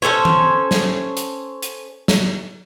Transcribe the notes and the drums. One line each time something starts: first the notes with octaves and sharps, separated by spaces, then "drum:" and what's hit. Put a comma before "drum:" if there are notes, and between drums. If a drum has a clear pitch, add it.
C#4 A4 C5 C#5
drum: tom E3
drum: snare
drum: hi-hat
drum: hi-hat
drum: snare